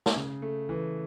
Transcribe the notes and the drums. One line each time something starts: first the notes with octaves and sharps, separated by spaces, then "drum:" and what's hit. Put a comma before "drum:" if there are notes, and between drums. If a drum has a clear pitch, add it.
drum: snare
C#3
A3
E3